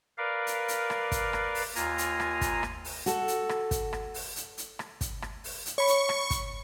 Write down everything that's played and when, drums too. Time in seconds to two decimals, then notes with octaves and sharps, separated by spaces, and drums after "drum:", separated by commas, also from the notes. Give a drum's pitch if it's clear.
0.18 A#4 B4 D5 F5
0.47 drum: hi-hat
0.68 drum: hi-hat
0.90 drum: rim click
1.12 drum: kick, hi-hat
1.33 drum: rim click
1.55 drum: open hi-hat
1.75 D#2 F4 G#5 A#5, drum: hi-hat
1.98 drum: hi-hat
2.20 drum: rim click
2.41 drum: kick, hi-hat
2.63 drum: rim click
2.85 drum: open hi-hat
3.06 F#4 A4, drum: hi-hat
3.28 drum: hi-hat
3.49 drum: rim click
3.71 drum: kick, hi-hat
3.93 drum: rim click
4.14 drum: open hi-hat
4.36 drum: hi-hat
4.57 drum: hi-hat
4.79 drum: rim click
5.01 drum: kick, hi-hat
5.22 drum: rim click
5.44 drum: open hi-hat
5.66 drum: hi-hat
5.78 C#5 B5 C#6
5.87 drum: hi-hat
6.09 drum: rim click
6.30 drum: kick, hi-hat